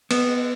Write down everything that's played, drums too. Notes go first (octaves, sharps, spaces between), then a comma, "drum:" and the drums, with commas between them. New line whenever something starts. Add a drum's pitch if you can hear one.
B3, drum: cymbal